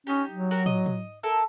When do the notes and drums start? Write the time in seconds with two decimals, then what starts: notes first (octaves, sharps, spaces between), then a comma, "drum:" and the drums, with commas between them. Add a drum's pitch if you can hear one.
0.07 C#4 D#4 G4
0.31 F#3
0.51 F#4 G4 A#4
0.66 D#5, drum: tom
0.86 drum: tom
1.23 E4 A4 A#4